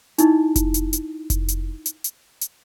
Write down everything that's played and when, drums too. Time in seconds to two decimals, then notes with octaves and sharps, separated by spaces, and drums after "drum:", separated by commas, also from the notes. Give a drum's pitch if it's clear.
0.18 D#4 E4, drum: hi-hat
0.56 drum: kick F1, hi-hat
0.74 drum: hi-hat
0.93 drum: hi-hat
1.30 drum: kick F1, hi-hat
1.48 drum: hi-hat
1.86 drum: hi-hat
2.04 drum: hi-hat
2.41 drum: hi-hat